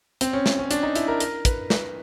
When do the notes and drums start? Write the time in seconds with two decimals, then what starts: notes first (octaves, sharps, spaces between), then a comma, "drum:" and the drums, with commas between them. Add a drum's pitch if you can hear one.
0.21 C4, drum: hi-hat
0.33 C#4
0.46 drum: snare
0.59 C#4
0.71 D4, drum: hi-hat
0.83 D#4
0.95 E4, drum: hi-hat
1.08 A#4
1.20 A#4, drum: hi-hat
1.45 B4, drum: kick, hi-hat
1.70 B4, drum: snare